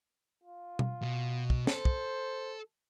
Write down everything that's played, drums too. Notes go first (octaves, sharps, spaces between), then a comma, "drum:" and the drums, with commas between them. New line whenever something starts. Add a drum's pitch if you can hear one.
F4
drum: tom B2
B2
drum: kick
A4 C5, drum: snare
drum: kick